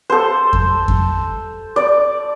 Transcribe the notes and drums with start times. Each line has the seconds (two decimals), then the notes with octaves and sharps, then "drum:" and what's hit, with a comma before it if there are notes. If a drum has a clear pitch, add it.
0.10 A4 C5
0.53 drum: kick F2
0.88 drum: kick F2
1.76 D5